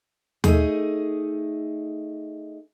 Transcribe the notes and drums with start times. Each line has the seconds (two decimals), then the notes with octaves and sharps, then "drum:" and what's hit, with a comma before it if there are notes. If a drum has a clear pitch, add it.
0.44 A3 D#4 G#4, drum: tom D#2